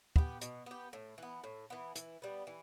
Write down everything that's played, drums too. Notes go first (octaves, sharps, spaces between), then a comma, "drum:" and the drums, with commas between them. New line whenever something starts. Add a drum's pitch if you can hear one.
B3 G4, drum: kick
B2, drum: hi-hat
B3 G4
A2
E3 B3
A2
E3 B3
E3, drum: hi-hat
G3 B3
E3